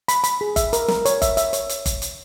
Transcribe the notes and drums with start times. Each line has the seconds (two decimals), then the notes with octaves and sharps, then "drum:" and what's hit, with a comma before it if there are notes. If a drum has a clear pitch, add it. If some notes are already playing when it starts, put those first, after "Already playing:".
0.08 B5, drum: hi-hat
0.24 B5, drum: hi-hat
0.41 G#4
0.56 E5, drum: kick G1, hi-hat
0.73 A#4, drum: hi-hat
0.88 A#4, drum: snare
1.05 C#5, drum: hi-hat
1.22 E5, drum: kick G1, hi-hat
1.37 E5, drum: hi-hat
1.53 C#5, drum: hi-hat
1.69 drum: hi-hat
1.86 drum: kick G1, hi-hat
2.02 drum: hi-hat